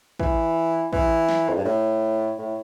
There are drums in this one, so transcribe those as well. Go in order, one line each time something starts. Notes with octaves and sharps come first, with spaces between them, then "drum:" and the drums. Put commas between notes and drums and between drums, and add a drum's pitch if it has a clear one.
E3, drum: kick
E3, drum: kick
drum: snare
F2
G2
A2
A2